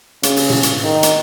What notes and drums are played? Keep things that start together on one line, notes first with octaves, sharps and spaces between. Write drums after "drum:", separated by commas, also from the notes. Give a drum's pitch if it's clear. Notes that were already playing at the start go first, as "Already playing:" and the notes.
C#3, drum: hi-hat
drum: open hi-hat
drum: tom A2
drum: hi-hat
D#3
drum: hi-hat